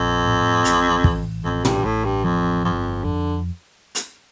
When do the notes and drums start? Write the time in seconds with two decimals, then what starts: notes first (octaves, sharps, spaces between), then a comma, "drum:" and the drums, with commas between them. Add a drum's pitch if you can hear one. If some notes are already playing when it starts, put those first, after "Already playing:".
Already playing: A#1 F2
0.24 A2
0.65 A1, drum: hi-hat
1.04 E3, drum: kick
1.45 A1 F2
1.65 G2, drum: tom
1.84 A1 A2
2.04 G2
2.24 F2 F3
2.65 G1 F2
3.04 F2 D3
3.95 drum: hi-hat